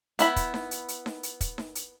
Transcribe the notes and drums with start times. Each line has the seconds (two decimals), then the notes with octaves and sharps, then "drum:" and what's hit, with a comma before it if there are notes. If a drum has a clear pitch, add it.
0.19 B3 E4 B5, drum: hi-hat
0.36 drum: kick, hi-hat
0.54 drum: snare D#4
0.71 drum: hi-hat
0.88 drum: hi-hat
1.06 drum: snare D#4
1.23 drum: hi-hat
1.41 drum: kick, hi-hat
1.58 drum: snare D#4
1.75 drum: hi-hat